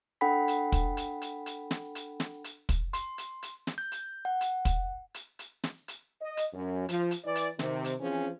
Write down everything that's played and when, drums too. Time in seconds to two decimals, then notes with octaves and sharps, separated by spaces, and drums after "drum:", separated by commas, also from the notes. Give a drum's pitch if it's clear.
0.21 D4 A4 F#5 G5 B5 B6
0.48 drum: hi-hat
0.72 drum: kick, hi-hat
0.97 drum: hi-hat
1.21 drum: hi-hat
1.46 drum: hi-hat
1.71 drum: snare
1.95 drum: hi-hat
2.20 drum: snare
2.44 drum: hi-hat
2.69 drum: kick, hi-hat
2.93 C6, drum: hi-hat
3.18 drum: hi-hat
3.42 drum: hi-hat
3.67 drum: snare
3.78 G6
3.92 drum: hi-hat
4.25 F#5
4.41 drum: hi-hat
4.65 drum: kick, hi-hat
5.14 drum: hi-hat
5.39 drum: hi-hat
5.64 drum: snare
5.88 drum: hi-hat
6.21 D#5
6.37 drum: hi-hat
6.54 F#2
6.89 F3, drum: hi-hat
7.11 drum: hi-hat
7.25 E3 D5
7.35 drum: hi-hat
7.59 C3 D#3, drum: snare
7.85 drum: hi-hat
8.00 E3 F3 C4 C#4 G#4